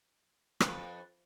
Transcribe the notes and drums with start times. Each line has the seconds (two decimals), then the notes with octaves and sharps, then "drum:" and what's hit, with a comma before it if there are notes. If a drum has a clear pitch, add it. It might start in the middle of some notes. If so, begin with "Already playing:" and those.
0.60 F2 B4, drum: rim click